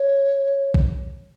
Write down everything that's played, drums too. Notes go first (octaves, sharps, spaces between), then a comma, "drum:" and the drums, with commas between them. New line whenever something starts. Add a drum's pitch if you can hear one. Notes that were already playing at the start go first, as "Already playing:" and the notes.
Already playing: C#5
drum: kick